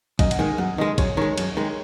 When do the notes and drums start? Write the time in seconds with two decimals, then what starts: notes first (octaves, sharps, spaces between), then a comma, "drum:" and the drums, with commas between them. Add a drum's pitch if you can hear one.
0.19 F#2 D#5, drum: kick, cymbal
0.31 F#5, drum: cymbal
0.39 D#3 G#3 G#5
0.58 F#2 F#5
0.78 D#3 G#3 D#5
0.98 F#2 C#5, drum: kick, cymbal
1.17 D#3 G#3 C#5
1.38 F#2, drum: cymbal
1.57 D#3 G#3